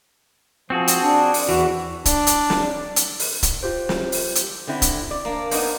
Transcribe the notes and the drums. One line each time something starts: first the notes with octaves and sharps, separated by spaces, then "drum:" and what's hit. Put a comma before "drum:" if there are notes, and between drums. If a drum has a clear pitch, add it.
F3 C4 F#4 G#4
drum: hi-hat
D4
drum: open hi-hat
E2 E3 F#4
D4, drum: kick, hi-hat
drum: hi-hat
drum: snare
drum: hi-hat
drum: open hi-hat
drum: kick, hi-hat
F4 G4 C5
drum: snare
drum: open hi-hat
drum: hi-hat
D3 C4 E4
drum: kick, hi-hat
D5
A#3 D4
A#3 B3 D#4 C5 F#5, drum: open hi-hat